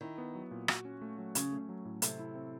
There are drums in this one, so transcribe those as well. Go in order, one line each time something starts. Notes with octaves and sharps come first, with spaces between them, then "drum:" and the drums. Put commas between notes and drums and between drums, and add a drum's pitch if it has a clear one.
D#3 E4
B3
F#3
A#2
F#4, drum: rim click
C#4
A3
F#3
C#3 C#4, drum: hi-hat
A3
F#3
A2
C3 A4, drum: hi-hat
E4
C4